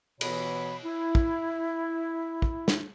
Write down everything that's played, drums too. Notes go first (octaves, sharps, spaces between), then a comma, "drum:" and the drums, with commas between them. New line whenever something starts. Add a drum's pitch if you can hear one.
B2 E3 B3 C#5 B5, drum: cymbal
E4
drum: kick
drum: kick
drum: snare